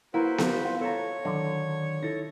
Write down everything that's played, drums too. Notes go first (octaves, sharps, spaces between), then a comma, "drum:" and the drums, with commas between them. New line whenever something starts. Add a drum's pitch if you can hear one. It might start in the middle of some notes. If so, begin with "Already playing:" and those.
A#3 E4 F#4 B4 C5
drum: snare B3
F4
A4 C#5 A5 A#5
D3 D#3 F#3
D#4 E4 A4 A#6